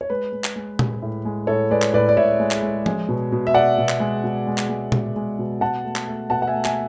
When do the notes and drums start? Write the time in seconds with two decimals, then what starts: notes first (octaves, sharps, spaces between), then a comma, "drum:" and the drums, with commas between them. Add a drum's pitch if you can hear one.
0.01 C#5
0.10 G#3 B4
0.33 G#3
0.44 drum: clap
0.56 G#3
0.79 G#3, drum: tom A#2
1.02 A2
1.25 G#3
1.47 A2 A4 C#5
1.71 G#3 B4 D5
1.82 drum: clap
1.93 A2 B4 D5
2.09 D5
2.17 A2 C#5 E5
2.40 G#3
2.51 drum: clap
2.62 G#3
2.86 G#3, drum: tom F3
3.08 B2
3.32 B2
3.47 E5
3.54 B2 D5 F#5
3.78 B2
3.89 drum: clap
4.00 G#3
4.24 B2
4.47 G#3
4.58 drum: clap
4.69 G#3
4.92 G#3, drum: tom A#2
5.16 G#3
5.39 B2
5.61 B2 F#5 A5
5.84 A3
5.96 drum: clap
6.07 A3
6.30 B2 F#5 A5
6.42 F#5
6.47 E5 G#5
6.54 A3
6.65 E5 G#5, drum: clap